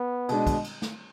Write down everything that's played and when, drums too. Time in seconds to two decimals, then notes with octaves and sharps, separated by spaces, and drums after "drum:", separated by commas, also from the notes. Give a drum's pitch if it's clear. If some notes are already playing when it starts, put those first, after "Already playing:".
Already playing: B3
0.29 B2 G#3 D4, drum: cymbal
0.47 drum: kick, cymbal
0.64 drum: cymbal
0.82 drum: snare